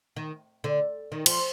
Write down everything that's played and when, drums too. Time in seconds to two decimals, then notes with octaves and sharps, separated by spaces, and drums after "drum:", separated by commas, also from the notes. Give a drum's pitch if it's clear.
0.16 D#3
0.64 D3
1.12 D#3
1.26 F3, drum: cymbal